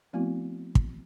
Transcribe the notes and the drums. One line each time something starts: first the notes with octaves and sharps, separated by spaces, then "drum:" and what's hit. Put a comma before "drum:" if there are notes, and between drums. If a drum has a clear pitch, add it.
F3 A3 B3 C4 E4 F#4
drum: kick